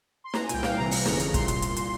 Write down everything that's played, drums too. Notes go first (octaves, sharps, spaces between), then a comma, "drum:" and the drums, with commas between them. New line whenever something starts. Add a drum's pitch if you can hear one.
C6
A#5, drum: snare
G#5
C2 A#2 G5, drum: hi-hat
F5, drum: snare
C2 C3 E3 A#5
drum: open hi-hat
G1 F2 C#3, drum: snare
drum: hi-hat
C2 A#2 C6, drum: kick, hi-hat
drum: hi-hat
drum: hi-hat
drum: hi-hat